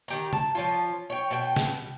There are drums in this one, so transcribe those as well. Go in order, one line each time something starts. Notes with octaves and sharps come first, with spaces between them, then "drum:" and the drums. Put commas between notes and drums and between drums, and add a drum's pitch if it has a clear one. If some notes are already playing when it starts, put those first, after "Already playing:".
D#3 G4 A#5
A5, drum: tom C3
F3 C#4 F4
C#5 G5
B2 G5
drum: snare